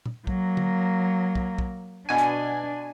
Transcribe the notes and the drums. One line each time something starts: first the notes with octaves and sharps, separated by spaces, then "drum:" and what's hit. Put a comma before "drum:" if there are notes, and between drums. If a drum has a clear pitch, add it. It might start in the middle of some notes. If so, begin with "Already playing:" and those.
drum: tom A#2
F#3 A#3, drum: kick
drum: tom D3
drum: kick
drum: kick
B2 D4 G#5
drum: hi-hat